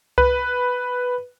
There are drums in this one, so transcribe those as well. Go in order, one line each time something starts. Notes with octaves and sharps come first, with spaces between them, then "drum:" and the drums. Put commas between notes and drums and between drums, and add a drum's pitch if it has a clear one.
B4, drum: kick C2